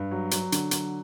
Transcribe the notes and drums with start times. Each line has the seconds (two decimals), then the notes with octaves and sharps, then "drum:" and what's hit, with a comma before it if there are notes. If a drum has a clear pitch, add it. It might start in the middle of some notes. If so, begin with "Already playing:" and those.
Already playing: G2
0.11 F#3
0.31 F#3, drum: hi-hat
0.52 D3, drum: hi-hat
0.71 F#3, drum: hi-hat